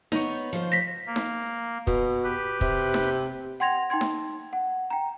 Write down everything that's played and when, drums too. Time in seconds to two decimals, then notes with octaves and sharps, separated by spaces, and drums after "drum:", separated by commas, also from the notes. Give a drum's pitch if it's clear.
0.12 B3 D#4 C#5, drum: snare D#4
0.53 F3 C5
0.72 A#6 B6
1.07 A#3
1.16 drum: snare D#4
1.87 B2, drum: kick
2.24 G4 B4
2.61 C3, drum: kick
2.94 drum: snare D#4
3.60 F#5 G5 C6 G#6 A#6 F7
3.90 D#4 G5 C6 G#6
4.01 drum: snare D#4
4.53 F#5
4.90 G5 A#5